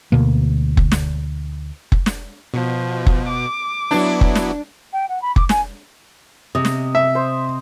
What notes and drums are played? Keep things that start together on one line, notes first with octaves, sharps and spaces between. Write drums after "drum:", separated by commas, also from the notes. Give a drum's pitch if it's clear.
D2 B2 A#3
drum: kick
drum: snare
drum: kick
drum: snare
B2 F3
drum: kick
D6
F#3 B3 D4 E4
drum: kick
drum: snare
G5
F#5
B5
D6, drum: kick
G#5, drum: snare
C3 D#5
drum: snare
E5
C5